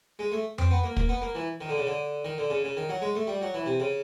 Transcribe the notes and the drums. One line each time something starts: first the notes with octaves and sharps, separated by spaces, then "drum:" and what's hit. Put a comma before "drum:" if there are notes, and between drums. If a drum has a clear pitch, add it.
G#3
A3
C4, drum: tom F2
B3
A#3
A#3, drum: kick
B3
A#3
E3
D#3
D3
C#3
D3
D#3
D3
C#3
C#3
D#3
F#3
G#3
A3
G3
F#3
E3
C3
C#3